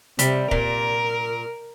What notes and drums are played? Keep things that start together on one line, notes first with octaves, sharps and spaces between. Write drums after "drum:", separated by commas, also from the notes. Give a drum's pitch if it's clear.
C3 G3, drum: hi-hat
A#2 A#4, drum: kick